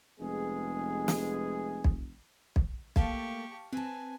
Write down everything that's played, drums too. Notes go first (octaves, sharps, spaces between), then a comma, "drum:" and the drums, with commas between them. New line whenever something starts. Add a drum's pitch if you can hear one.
F1 G#3 B3 G#4
drum: snare
drum: kick B1
drum: kick B1
A3 A#3 G4 F5 A5 C#6, drum: kick B1
C4 B4 G#5 A5